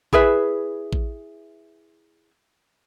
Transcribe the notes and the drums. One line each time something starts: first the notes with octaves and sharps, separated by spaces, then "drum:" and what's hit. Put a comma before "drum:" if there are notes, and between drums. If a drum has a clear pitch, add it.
E4 G#4 B4 E5, drum: kick A1
drum: kick A1